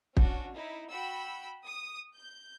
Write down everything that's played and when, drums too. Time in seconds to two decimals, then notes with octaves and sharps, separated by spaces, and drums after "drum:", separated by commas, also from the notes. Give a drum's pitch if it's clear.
0.17 C#4 D4 F#4, drum: kick
0.52 D#4 E4
0.89 F#4 G5 B5 E6
1.65 D#6
2.15 G6